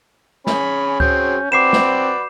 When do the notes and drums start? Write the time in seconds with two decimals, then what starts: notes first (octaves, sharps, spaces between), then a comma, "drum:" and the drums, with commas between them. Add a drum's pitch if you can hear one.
0.47 C#4 G#4 G#5 B5, drum: snare
1.00 F#3 C4 G#4 G6, drum: kick C#2
1.52 C4 F#4 B4 D5 D6 C7 E7
1.73 drum: snare